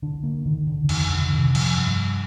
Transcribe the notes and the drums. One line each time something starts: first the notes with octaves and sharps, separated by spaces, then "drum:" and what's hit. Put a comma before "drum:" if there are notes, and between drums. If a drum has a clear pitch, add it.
D3 D4
A#3
D3 D#3
D3
D3
F2 D#3, drum: cymbal
D3
D3
C3 D#3
F3, drum: cymbal
G2